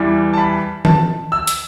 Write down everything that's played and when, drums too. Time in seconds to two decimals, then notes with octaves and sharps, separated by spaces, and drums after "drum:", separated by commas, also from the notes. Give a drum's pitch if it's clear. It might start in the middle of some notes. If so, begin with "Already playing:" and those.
Already playing: E2 E3 G3
0.34 A5
0.38 B5
0.85 A5, drum: tom D#3
1.32 E6
1.47 drum: hi-hat